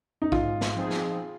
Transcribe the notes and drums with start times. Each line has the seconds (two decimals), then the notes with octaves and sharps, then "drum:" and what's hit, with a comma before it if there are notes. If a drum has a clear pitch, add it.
0.22 D#4
0.32 G#2 F4, drum: kick
0.61 drum: snare
0.75 F3 C4 D#4 G#4
0.90 drum: snare